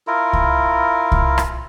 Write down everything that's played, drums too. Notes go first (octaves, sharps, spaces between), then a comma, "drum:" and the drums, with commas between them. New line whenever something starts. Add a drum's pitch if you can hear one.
E4 F4 A#4
drum: kick C2
drum: kick C2
drum: rim click